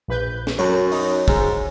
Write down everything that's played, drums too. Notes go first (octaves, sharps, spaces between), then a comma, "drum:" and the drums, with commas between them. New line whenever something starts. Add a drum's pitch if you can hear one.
A#1 B4 G6
drum: snare
F#2 F#3 C#5
D#4, drum: open hi-hat
G#2, drum: kick